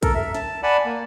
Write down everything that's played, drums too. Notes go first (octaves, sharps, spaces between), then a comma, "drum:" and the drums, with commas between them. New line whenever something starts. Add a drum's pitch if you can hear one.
A4 A#4, drum: kick A#1, hi-hat
E5
A5, drum: snare
D5 F#5 G#5 A5 B5
A#3